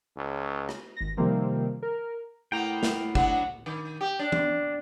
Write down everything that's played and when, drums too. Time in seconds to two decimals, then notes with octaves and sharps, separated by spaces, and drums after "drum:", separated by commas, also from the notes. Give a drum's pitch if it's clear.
0.16 C#2
0.69 drum: rim click
0.97 G#1 A#6
1.17 C3 D#3 F3 G3 A#3 C4
1.83 A#4
2.52 A2 A#3 B3 G5 A#5
2.83 drum: snare
3.15 F#3 B3 D4 F#5, drum: kick
3.66 D#3
4.01 G4
4.19 D4
4.32 drum: tom